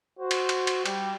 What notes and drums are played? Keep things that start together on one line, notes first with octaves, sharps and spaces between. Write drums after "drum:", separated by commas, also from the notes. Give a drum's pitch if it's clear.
F#4 C5
drum: cymbal
drum: cymbal
drum: cymbal
G3 G4, drum: cymbal